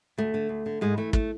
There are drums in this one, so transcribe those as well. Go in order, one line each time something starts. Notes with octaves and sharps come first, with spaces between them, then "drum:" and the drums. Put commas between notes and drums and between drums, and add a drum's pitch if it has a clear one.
D2 A3
D3
D2
D3
G#2 G#3
E3 A3
A3, drum: kick